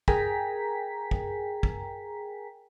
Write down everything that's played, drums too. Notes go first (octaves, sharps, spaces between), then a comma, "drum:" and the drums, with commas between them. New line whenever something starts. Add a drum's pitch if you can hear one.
G#4 A#4 G5 G#5 A#5 B6, drum: kick
drum: kick
drum: kick